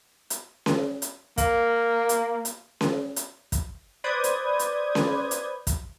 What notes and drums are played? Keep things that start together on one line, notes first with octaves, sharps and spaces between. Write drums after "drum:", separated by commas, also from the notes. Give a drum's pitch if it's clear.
drum: hi-hat
drum: snare C#4
drum: hi-hat
A#3, drum: kick, hi-hat
drum: hi-hat
drum: hi-hat
drum: snare C#4
drum: hi-hat
drum: kick, hi-hat
B4 C5 D5 D#6 G6 G#6
drum: hi-hat
drum: hi-hat
drum: snare C#4
drum: hi-hat
drum: kick, hi-hat